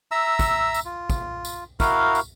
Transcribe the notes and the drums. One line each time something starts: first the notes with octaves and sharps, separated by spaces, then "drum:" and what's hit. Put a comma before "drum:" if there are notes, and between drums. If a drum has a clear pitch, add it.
E5 A#5 E6
drum: kick, tambourine
drum: tambourine
F4
drum: kick, tambourine
drum: tambourine
E4 F#4 A#4 F5, drum: kick, tambourine
drum: tambourine